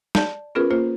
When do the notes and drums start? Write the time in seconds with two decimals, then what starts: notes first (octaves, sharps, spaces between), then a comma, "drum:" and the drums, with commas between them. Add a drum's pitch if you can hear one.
0.15 D5 A5 G6, drum: snare
0.55 B3 C#4 F4 G#4 A#4 B4
0.70 A#3 F4 C5